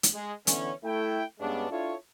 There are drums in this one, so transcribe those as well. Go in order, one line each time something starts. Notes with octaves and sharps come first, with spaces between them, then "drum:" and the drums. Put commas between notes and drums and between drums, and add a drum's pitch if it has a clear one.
drum: hi-hat
G#3
D3 E3 B3 C#4, drum: hi-hat
A3 E4 G5
G2 G#3 B3 C#4 D4
D4 E4 F4 A4 C#5